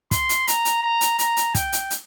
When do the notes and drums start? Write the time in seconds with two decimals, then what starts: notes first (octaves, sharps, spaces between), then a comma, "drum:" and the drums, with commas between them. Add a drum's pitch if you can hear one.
0.11 C6, drum: kick, hi-hat
0.29 drum: hi-hat
0.48 A#5, drum: hi-hat
0.65 drum: hi-hat
0.83 A#5
1.01 drum: hi-hat
1.19 A#5, drum: hi-hat
1.37 drum: hi-hat
1.55 G5, drum: kick, hi-hat
1.72 drum: hi-hat
1.90 drum: hi-hat